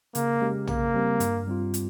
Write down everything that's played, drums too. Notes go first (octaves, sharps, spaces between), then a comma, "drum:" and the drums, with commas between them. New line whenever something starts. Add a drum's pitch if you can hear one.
C#3 A#3, drum: hi-hat
G#3 C#4 G4
C#3 A#3, drum: tom
G3 C4 G4
G2, drum: hi-hat
G3 C4 F4
drum: hi-hat